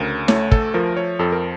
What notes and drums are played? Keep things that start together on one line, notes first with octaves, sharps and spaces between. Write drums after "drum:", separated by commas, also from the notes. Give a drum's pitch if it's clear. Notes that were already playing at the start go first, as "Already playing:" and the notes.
Already playing: D2 C#3 A#4
A3 C#5, drum: snare
A4, drum: kick
F3 A#4
C#5
F2 A4
A#4